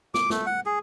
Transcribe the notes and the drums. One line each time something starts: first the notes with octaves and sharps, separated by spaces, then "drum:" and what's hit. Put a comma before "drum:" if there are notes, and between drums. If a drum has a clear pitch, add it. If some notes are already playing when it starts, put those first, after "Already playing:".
D6, drum: snare
A3, drum: snare
F#5
G#4